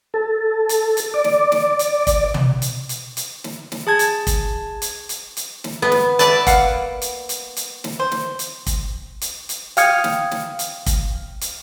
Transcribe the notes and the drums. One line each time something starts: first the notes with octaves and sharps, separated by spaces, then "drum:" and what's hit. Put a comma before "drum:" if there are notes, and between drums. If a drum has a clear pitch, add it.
A4
drum: hi-hat
drum: hi-hat
D5
drum: snare
drum: snare
drum: hi-hat
drum: kick, hi-hat
drum: tom
drum: hi-hat
drum: hi-hat
drum: hi-hat
drum: snare
drum: snare
G#4 A5 G#6
drum: hi-hat
drum: kick, hi-hat
drum: hi-hat
drum: hi-hat
drum: hi-hat
drum: snare
B3
drum: snare
B4 D5 E5 A5, drum: hi-hat
A#3 F5 F#5, drum: kick, hi-hat
drum: hi-hat
drum: hi-hat
drum: hi-hat
drum: snare
C5
drum: snare
drum: hi-hat
drum: kick, hi-hat
drum: hi-hat
drum: hi-hat
F5 G5 D#6 F6 G#6 C#7, drum: hi-hat
drum: snare
drum: snare
drum: hi-hat
drum: kick, hi-hat
drum: hi-hat